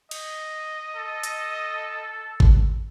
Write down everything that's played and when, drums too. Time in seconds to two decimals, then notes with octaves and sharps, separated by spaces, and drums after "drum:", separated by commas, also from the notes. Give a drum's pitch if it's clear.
0.11 D#5, drum: cymbal
0.96 A4
1.23 drum: hi-hat
2.40 drum: kick G1